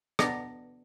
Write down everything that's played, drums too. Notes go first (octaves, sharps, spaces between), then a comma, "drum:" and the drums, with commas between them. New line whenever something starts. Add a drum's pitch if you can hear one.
B3 D4 D5 A#5, drum: rim click